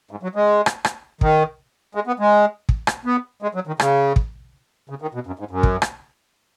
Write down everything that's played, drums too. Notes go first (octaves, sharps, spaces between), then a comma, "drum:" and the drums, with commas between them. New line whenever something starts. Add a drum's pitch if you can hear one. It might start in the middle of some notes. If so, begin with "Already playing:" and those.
G#2
F#3
G#3
drum: rim click
drum: rim click
D#3, drum: kick
G#3
B3
G#3
drum: kick
drum: rim click
B3
G#3
F#3
D#3
C#3, drum: rim click
drum: kick
C#3
D#3
B2
F#2
G#2
F#2
drum: kick
drum: rim click